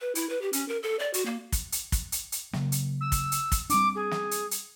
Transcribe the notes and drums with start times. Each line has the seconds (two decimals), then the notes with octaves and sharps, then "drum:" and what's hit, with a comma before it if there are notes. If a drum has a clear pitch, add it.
0.01 B4
0.15 E4, drum: hi-hat
0.30 B4
0.42 G4
0.53 C#4, drum: hi-hat
0.68 A#4
0.83 A4
0.99 D5
1.14 F#4, drum: hi-hat
1.26 A#3
1.52 drum: kick, hi-hat
1.72 drum: hi-hat
1.92 drum: kick, hi-hat
2.12 drum: hi-hat
2.32 drum: hi-hat
2.53 C#3 F#3 A#3, drum: snare
2.72 drum: hi-hat
3.00 E6
3.12 drum: kick, hi-hat
3.32 drum: hi-hat
3.52 drum: kick, hi-hat
3.70 G3 C4 D4 D6, drum: hi-hat
3.95 G#4
4.11 drum: snare
4.31 drum: hi-hat
4.51 drum: hi-hat